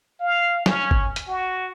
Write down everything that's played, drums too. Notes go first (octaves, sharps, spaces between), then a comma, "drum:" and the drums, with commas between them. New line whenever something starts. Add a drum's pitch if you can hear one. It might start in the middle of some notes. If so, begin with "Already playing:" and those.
F5
C#4, drum: snare
drum: kick G1
drum: hi-hat
F#4